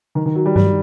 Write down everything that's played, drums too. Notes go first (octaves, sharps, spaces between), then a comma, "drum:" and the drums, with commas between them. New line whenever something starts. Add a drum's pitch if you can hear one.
D#3
D#3
F#3
G3
G3, drum: tom G2